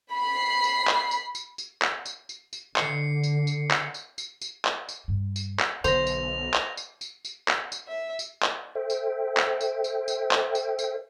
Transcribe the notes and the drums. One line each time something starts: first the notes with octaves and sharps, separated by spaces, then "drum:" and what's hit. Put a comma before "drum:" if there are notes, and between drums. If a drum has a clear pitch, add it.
B5 C7
drum: tambourine
drum: clap
drum: tambourine
drum: tambourine
drum: tambourine
drum: clap
drum: tambourine
drum: tambourine
drum: tambourine
D3 C7 C#7, drum: clap
drum: tambourine
drum: tambourine
drum: clap
drum: tambourine
drum: tambourine
drum: tambourine
drum: clap
drum: tambourine
G2
drum: tambourine
drum: clap
B1 D3 C5 A#6 F7, drum: tambourine
drum: tambourine
drum: clap
drum: tambourine
drum: tambourine
drum: tambourine
drum: clap
drum: tambourine
E5
drum: tambourine
drum: clap
A4 C5 E5 G5
drum: tambourine
drum: clap
drum: tambourine
drum: tambourine
drum: tambourine
drum: clap
drum: tambourine
drum: tambourine